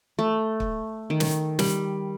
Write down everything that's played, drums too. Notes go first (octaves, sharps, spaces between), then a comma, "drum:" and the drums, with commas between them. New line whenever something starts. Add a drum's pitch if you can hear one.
A3
drum: kick
D#3
drum: snare
G3, drum: snare